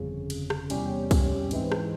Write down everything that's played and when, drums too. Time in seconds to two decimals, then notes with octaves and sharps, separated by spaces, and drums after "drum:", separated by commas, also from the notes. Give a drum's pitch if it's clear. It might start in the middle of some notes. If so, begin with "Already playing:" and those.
Already playing: G1 F2 C#3
0.30 drum: cymbal
0.50 drum: rim click
0.70 E2 C3 G3 C#4 G4, drum: cymbal
1.11 drum: kick C2, cymbal
1.51 G#2 E3 G#3 C4, drum: cymbal
1.72 drum: rim click